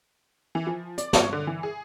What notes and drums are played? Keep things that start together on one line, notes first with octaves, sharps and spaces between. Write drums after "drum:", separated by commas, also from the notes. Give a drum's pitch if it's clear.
E3
F3
D5, drum: hi-hat
C#5, drum: snare
D3
E3
G#4